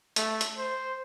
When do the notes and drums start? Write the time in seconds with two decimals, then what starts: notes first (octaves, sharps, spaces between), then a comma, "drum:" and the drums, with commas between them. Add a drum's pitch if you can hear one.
0.16 A3, drum: hi-hat
0.41 drum: hi-hat
0.58 C5